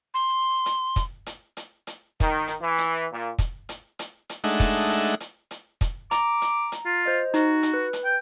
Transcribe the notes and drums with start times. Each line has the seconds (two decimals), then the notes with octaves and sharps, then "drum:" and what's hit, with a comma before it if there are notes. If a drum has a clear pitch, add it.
0.14 C6
0.66 drum: hi-hat
0.96 drum: kick, hi-hat
1.26 drum: hi-hat
1.57 drum: hi-hat
1.87 drum: hi-hat
2.20 D#3, drum: kick, hi-hat
2.48 drum: hi-hat
2.61 E3
2.78 drum: hi-hat
3.12 A#2
3.39 drum: kick, hi-hat
3.69 drum: hi-hat
3.99 drum: hi-hat
4.29 drum: hi-hat
4.44 G#3 A3 D4 D#4 E5 F#5
4.60 drum: kick, hi-hat
4.90 drum: hi-hat
5.20 drum: hi-hat
5.51 drum: hi-hat
5.81 drum: kick, hi-hat
6.11 A#5 D6, drum: hi-hat
6.42 drum: hi-hat
6.72 drum: hi-hat
6.85 F4
7.06 C5 D#5
7.34 D#4 F#4, drum: hi-hat
7.63 drum: hi-hat
7.74 B4
7.93 drum: hi-hat
8.04 G5